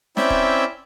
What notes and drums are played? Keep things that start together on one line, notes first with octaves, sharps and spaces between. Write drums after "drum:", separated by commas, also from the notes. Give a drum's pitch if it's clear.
C4 C#4 E4 D5 E5 G5, drum: snare
drum: kick